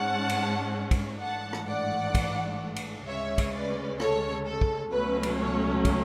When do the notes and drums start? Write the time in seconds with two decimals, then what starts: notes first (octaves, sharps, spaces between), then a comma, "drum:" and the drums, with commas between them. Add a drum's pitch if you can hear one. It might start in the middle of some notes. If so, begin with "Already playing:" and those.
Already playing: G#2 G#3 C#4 F#5 A5
0.29 drum: cymbal
0.91 drum: kick, cymbal
1.21 A1 G#2 E3 A3 D4 F#5 A5
1.53 drum: rim click
1.68 D5 F#5
2.15 drum: kick, cymbal
2.76 drum: cymbal
3.07 D2 C#3 G#3 C#4 C#5 E5
3.38 drum: kick, cymbal
3.53 B4 D5
4.00 A4 C#5, drum: rim click
4.46 A4
4.61 drum: kick
4.92 C#2 B2 F#3 A3 C#4 B4
5.23 drum: cymbal
5.38 A4 C#5
5.85 drum: kick, cymbal